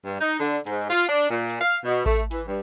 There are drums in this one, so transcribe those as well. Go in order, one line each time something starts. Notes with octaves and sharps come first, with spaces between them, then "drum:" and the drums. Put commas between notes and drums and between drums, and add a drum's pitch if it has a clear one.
G2
D#4
D3
G#2, drum: hi-hat
F4
D4
A#2
drum: hi-hat
F5
B2
A3, drum: kick A1
E3, drum: hi-hat
G2